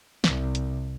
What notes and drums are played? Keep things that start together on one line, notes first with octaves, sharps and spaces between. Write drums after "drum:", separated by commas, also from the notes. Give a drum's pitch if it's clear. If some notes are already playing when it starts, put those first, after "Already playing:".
C2 C3, drum: snare
drum: hi-hat